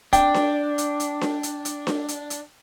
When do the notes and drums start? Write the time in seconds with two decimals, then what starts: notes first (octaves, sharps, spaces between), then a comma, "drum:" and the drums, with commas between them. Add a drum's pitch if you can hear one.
0.13 D4 G5, drum: kick, hi-hat
0.34 drum: snare D4
0.78 drum: hi-hat
1.00 drum: hi-hat
1.21 drum: snare D4
1.43 drum: hi-hat
1.65 drum: hi-hat
1.87 drum: snare D4
2.08 drum: hi-hat
2.30 drum: hi-hat